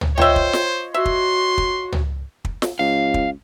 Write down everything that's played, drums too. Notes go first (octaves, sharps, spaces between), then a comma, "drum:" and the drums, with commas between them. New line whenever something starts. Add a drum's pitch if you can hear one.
drum: tom
F4 C5 C#5 D#5 E5 G5, drum: tom
drum: kick
drum: snare
F#4 E5 C6
drum: kick
drum: kick
drum: tom
drum: kick
drum: snare
C#2 F5
drum: kick